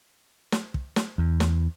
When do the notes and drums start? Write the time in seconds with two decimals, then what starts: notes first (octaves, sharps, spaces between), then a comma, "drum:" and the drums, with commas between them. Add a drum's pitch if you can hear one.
0.52 drum: snare
0.74 drum: kick
0.96 drum: snare
1.18 E2
1.40 drum: snare